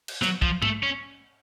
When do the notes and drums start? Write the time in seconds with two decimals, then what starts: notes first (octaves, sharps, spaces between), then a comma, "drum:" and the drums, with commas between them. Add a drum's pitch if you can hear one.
0.08 drum: cymbal
0.22 F#3, drum: snare
0.42 F3, drum: kick
0.62 A3, drum: tom G#2
0.83 C#4